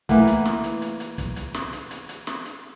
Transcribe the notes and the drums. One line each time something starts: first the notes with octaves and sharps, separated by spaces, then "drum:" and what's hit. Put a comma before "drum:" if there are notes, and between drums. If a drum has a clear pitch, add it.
E3 A3 A#3 B4, drum: kick, hi-hat
drum: hi-hat
drum: snare
drum: hi-hat
drum: hi-hat
drum: hi-hat
drum: kick, hi-hat
drum: hi-hat
drum: snare
drum: hi-hat
drum: hi-hat
drum: hi-hat
drum: snare
drum: hi-hat